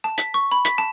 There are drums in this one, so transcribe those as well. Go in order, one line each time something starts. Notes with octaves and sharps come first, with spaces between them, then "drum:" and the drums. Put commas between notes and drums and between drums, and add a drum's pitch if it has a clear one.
A5
B6, drum: hi-hat
C#6
B5
B6, drum: hi-hat
A5